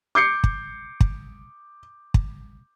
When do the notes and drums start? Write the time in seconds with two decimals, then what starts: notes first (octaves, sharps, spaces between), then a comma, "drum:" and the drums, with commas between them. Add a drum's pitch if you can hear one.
0.15 D6 G6 C7 C#7
0.44 drum: kick
1.00 drum: kick
2.14 drum: kick